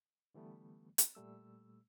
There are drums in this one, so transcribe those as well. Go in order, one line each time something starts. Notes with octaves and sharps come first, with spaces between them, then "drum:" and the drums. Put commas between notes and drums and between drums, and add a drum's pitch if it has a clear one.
D3 E3 G3 A3 B3
drum: hi-hat
A#2 G3 A3 E6